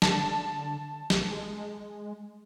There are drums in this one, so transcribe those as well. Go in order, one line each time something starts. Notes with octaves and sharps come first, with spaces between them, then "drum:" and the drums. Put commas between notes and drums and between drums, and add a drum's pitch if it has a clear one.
D3 A5, drum: snare
B1, drum: snare
G#3